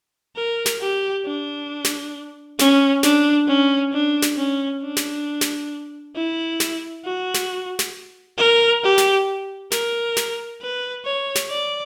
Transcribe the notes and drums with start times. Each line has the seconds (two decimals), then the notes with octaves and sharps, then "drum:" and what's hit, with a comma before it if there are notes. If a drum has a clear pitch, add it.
0.36 A#4
0.66 drum: snare
0.81 G4
1.25 D4
1.85 drum: snare
2.59 C#4, drum: snare
3.03 D4, drum: snare
3.48 C#4
3.92 D4
4.22 drum: snare
4.37 C#4
4.82 D4
4.97 drum: snare
5.41 drum: snare
6.15 E4
6.60 drum: snare
7.05 F#4
7.34 drum: snare
7.79 drum: snare
8.38 A#4
8.83 G4
8.98 drum: snare
9.72 A#4, drum: snare
10.17 drum: snare
10.61 B4
11.05 C#5
11.35 drum: snare
11.50 D5